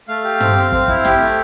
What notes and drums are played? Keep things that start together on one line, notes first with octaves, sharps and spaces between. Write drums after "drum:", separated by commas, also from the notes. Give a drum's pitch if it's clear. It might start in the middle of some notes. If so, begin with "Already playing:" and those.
A3 F5
G4
C4, drum: tom
C4
C4, drum: kick
E4, drum: kick
G4, drum: snare
A3